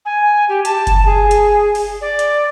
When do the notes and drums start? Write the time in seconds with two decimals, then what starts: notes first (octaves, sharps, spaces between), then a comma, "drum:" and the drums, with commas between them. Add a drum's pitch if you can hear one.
0.05 G#5
0.49 G4
0.65 A5, drum: hi-hat
0.87 drum: kick F#1, hi-hat
1.05 G#4
1.31 drum: hi-hat
1.75 drum: open hi-hat
2.01 D5
2.19 drum: hi-hat